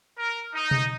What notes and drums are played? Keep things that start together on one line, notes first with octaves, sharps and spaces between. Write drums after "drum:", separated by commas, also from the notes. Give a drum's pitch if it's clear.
A#4
D#4
drum: tom B2